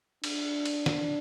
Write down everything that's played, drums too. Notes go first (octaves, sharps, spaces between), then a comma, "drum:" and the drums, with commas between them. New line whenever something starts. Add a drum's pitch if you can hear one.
D4, drum: cymbal
drum: cymbal
drum: snare